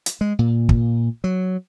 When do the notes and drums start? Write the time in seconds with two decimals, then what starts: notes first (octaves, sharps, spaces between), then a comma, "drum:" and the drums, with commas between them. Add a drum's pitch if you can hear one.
0.06 drum: hi-hat
0.21 G#3
0.39 A#2
0.69 drum: kick
1.24 F#3